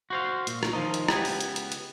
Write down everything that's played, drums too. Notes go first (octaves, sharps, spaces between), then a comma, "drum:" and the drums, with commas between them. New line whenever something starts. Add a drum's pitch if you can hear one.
F#4 C5 F5
A#2, drum: hi-hat
drum: rim click
D#3 F3 D#4
drum: hi-hat
C#2 B3 G4 B4 G#5, drum: rim click
drum: open hi-hat
drum: hi-hat
drum: hi-hat
drum: hi-hat